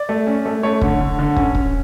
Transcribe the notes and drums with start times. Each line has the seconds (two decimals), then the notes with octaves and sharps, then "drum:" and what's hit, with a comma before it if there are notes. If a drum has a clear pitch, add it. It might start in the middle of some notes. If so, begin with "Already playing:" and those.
Already playing: D5
0.09 A3
0.27 C#4
0.46 A3
0.63 A3 C#5
0.81 D3, drum: kick
1.01 D3
1.19 D3
1.36 C#4, drum: kick
1.55 C#4, drum: kick